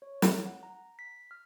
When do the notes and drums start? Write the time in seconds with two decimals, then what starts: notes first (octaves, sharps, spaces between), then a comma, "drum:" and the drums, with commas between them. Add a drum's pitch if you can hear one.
0.02 C#5
0.22 drum: snare
0.45 F#5
0.63 A#5
0.99 B6
1.31 F6